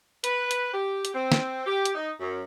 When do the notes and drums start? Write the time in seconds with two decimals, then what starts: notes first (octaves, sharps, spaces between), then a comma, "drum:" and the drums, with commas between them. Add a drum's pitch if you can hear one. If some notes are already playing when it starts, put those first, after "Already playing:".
0.24 B4, drum: hi-hat
0.51 drum: hi-hat
0.74 G4
1.05 drum: hi-hat
1.15 C4
1.32 drum: snare
1.67 G4
1.85 drum: hi-hat
1.95 D#4
2.20 F#2